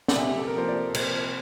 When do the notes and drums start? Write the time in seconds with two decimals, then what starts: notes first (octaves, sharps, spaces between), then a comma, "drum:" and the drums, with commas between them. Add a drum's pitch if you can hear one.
0.08 D5, drum: snare
0.16 C3 E5
0.28 G4
0.38 A4
0.48 A#4
0.55 F3 A#3 C5
0.69 D5
0.95 C3 C5, drum: cymbal